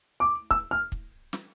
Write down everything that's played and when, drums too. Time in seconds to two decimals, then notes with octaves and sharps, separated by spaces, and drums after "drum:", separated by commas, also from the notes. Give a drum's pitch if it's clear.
0.20 D6
0.51 E6, drum: kick
0.71 F6
0.92 drum: kick
1.33 drum: snare